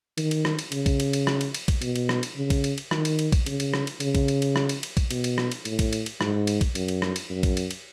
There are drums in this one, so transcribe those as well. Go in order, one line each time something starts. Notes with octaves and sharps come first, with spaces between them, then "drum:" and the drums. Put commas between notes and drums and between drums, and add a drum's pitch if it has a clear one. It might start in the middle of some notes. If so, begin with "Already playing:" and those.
D#3, drum: cymbal
drum: cymbal
drum: rim click
drum: cymbal
C#3, drum: cymbal
drum: kick A#1, cymbal
drum: cymbal
drum: cymbal
drum: rim click
drum: cymbal
drum: cymbal
drum: kick A#1, cymbal
B2, drum: cymbal
drum: cymbal
drum: rim click
drum: cymbal
C#3
drum: kick A#1, cymbal
drum: cymbal
drum: cymbal
D#3, drum: rim click
drum: cymbal
drum: cymbal
drum: kick A#1, cymbal
C#3, drum: cymbal
drum: cymbal
drum: rim click
drum: cymbal
C#3, drum: cymbal
drum: kick A#1, cymbal
drum: cymbal
drum: cymbal
drum: rim click
drum: cymbal
drum: cymbal
drum: kick A#1, cymbal
B2, drum: cymbal
drum: cymbal
drum: rim click
drum: cymbal
A2, drum: cymbal
drum: kick A#1, cymbal
drum: cymbal
drum: cymbal
G#2, drum: rim click
drum: cymbal
drum: kick A#1, cymbal
F#2, drum: cymbal
drum: cymbal
drum: rim click
drum: cymbal
F#2
drum: kick A#1, cymbal
drum: cymbal
drum: cymbal